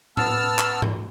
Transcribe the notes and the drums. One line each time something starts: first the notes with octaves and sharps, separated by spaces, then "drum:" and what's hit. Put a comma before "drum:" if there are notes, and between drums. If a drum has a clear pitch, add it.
B3 A5 E6 F6, drum: tom A2
drum: clap
drum: tom G#2